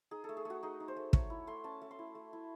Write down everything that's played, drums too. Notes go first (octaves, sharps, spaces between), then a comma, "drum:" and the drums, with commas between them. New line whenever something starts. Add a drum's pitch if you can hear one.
D#4 G#4
A4
A3
G#4
A3 F#4
D#4 G#4
D#4
C5
A3
A3 C#5, drum: kick
E4
A3 C6
C#4 A5
A3
C6
E4
A3
E4